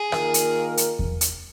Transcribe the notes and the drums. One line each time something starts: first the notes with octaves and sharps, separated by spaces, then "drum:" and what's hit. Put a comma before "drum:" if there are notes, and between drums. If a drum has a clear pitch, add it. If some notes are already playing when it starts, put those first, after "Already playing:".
Already playing: G#4
D#3 A#3 F4 A#4, drum: rim click
drum: hi-hat
drum: hi-hat
drum: kick E2
drum: hi-hat